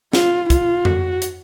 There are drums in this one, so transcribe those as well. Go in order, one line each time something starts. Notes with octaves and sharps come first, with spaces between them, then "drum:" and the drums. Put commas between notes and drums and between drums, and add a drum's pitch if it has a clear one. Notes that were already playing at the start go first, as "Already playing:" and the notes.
F4, drum: snare
F4, drum: kick, hi-hat
F#4, drum: tom F2
drum: hi-hat